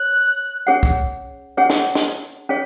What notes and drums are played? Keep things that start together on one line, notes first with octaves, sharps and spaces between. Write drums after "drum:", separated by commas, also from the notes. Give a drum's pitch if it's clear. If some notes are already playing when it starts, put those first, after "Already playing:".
Already playing: C#5 F#6
C#4 G#4 C#5 F#5
drum: kick
C#4 G#4 C#5 F#5
drum: snare
drum: snare
C#4 G#4 C#5 B6